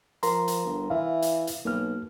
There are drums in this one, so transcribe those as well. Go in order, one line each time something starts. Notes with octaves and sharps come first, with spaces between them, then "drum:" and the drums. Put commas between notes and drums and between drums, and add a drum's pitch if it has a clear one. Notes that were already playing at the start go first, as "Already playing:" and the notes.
F3 A#4 A#5 C6, drum: hi-hat
drum: hi-hat
G1
E3 E5 F5
drum: hi-hat
drum: hi-hat
B1 A#3 F6